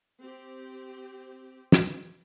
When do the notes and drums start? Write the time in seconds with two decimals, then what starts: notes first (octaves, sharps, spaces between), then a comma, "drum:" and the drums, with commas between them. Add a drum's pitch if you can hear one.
0.19 C4 G4
1.72 drum: snare